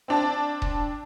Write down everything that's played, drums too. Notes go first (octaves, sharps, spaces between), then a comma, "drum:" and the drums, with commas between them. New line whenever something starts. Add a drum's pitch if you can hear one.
C4 D4 A5
drum: kick D#1